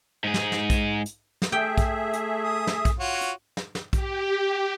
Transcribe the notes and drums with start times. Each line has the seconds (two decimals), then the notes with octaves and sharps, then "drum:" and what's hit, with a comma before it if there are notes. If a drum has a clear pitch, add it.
0.24 G#2 G#4
0.34 drum: snare
0.52 drum: snare
0.70 drum: kick, hi-hat
1.06 drum: hi-hat
1.42 drum: snare
1.52 A3 G#4 E5 G5
1.78 drum: kick, hi-hat
2.13 drum: hi-hat
2.44 D#6
2.67 drum: snare
2.85 drum: kick, hi-hat
2.99 F4 F#4 C#5
3.21 drum: hi-hat
3.57 drum: snare
3.75 drum: snare
3.93 G4, drum: kick, hi-hat